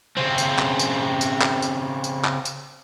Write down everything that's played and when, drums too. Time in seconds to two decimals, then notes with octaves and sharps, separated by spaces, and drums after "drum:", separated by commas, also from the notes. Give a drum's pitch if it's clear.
0.17 C#3 C4
0.38 drum: tambourine
0.59 drum: clap
0.79 drum: tambourine
1.21 drum: tambourine
1.42 drum: clap
1.62 drum: tambourine
2.04 drum: tambourine
2.25 drum: clap
2.45 drum: tambourine